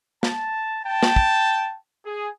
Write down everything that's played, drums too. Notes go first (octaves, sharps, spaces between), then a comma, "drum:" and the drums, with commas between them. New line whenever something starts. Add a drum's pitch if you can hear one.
A5, drum: snare
G5 A5
drum: snare
drum: kick
G#4